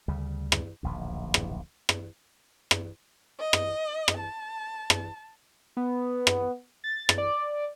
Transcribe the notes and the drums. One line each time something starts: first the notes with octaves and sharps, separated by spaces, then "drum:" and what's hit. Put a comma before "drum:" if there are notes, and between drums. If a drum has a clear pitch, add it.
D2 C#3 G3
drum: rim click
D1 A#1 D#2
drum: rim click
drum: rim click
drum: rim click
D#5
drum: rim click
drum: rim click
A5
drum: rim click
B3
drum: rim click
A6
drum: rim click
D5